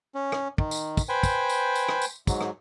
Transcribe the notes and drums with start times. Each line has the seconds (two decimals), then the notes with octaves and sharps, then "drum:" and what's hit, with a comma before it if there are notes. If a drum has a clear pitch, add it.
0.15 C#4
0.32 drum: rim click
0.58 D#3, drum: kick
0.71 drum: tambourine
0.97 drum: kick, tambourine
1.09 B4 C5 G5 G#5
1.23 drum: kick, tambourine
1.49 drum: tambourine
1.75 drum: tambourine
1.89 drum: rim click
2.02 drum: tambourine
2.27 G#2 F#3, drum: kick, tambourine
2.41 drum: rim click